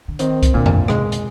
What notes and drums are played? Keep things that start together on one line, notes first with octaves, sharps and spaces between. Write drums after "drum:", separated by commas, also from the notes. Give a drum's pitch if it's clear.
D3
D#3 C4, drum: hi-hat
drum: kick C2, hi-hat
A#2 D3
drum: tom F2
C3 G#3, drum: rim click
drum: hi-hat